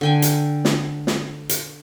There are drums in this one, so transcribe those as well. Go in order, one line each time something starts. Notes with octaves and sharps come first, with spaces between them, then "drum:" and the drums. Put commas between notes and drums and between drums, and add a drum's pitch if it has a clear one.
D3 G5 G#5
drum: hi-hat
drum: snare
drum: snare
drum: hi-hat